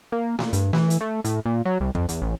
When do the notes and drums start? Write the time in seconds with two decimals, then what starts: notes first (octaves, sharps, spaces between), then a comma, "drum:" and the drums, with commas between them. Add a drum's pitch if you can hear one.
0.12 A#3
0.39 A#2, drum: snare A3
0.53 G2, drum: hi-hat
0.73 E3, drum: snare A3
0.90 drum: hi-hat
1.01 A3
1.24 A2, drum: hi-hat
1.46 A#2
1.65 F#3
1.80 C2
1.95 F2, drum: kick
2.09 E2, drum: hi-hat
2.22 A1